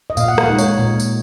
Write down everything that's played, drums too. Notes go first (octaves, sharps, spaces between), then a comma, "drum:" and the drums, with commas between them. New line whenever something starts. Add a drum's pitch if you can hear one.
D#5
A#2 F5, drum: tambourine
F#5
F5, drum: rim click
G#3 D#4
C#5, drum: tambourine
A#2
drum: tambourine